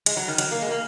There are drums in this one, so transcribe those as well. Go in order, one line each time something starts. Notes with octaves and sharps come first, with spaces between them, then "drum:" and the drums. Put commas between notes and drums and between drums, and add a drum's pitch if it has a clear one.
G#3, drum: hi-hat
F#3
D#3
F#3, drum: hi-hat
A#3
G#3
A#3